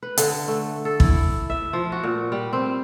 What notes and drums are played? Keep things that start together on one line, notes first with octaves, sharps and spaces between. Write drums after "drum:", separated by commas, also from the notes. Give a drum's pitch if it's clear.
B4
D3, drum: hi-hat
A3
A4
E4, drum: kick
E5
F3
F#4
A#2
G3
C4